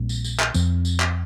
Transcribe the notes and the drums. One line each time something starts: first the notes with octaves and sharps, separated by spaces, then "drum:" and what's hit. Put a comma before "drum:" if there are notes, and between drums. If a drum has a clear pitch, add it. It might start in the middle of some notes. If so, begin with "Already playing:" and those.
Already playing: A#1 A#2 G3 C4
drum: tambourine
drum: tambourine
drum: clap
F2 F3 C4, drum: tambourine
drum: tambourine
drum: clap